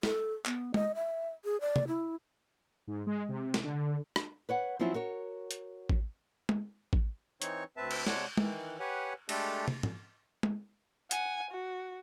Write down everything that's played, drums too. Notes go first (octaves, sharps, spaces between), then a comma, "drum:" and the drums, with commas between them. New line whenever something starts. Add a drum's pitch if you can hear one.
A4, drum: snare
B3, drum: clap
D#5, drum: tom
E5
G#4
D5
drum: tom
E4
G#2
G#3
C3
drum: snare
D3
drum: rim click
B4 C#5 F#5
F3 F#3 C4 C#4 E4 F4
F#4 A#4 C#5
drum: hi-hat
drum: kick A1
drum: tom
drum: kick A1
E3 C4 D#4 C#5 C#6, drum: hi-hat
D2 C4 B4 E5 A5
drum: cymbal
C3 G#3 C#5 D5 F#5 A5, drum: snare
D#3 E3, drum: tom
G4 B4 C#5 F#5 G#5
G#3 A3 D4 G4 A4, drum: cymbal
drum: tom
drum: tom
drum: tom
F#5 G#5, drum: hi-hat
F#4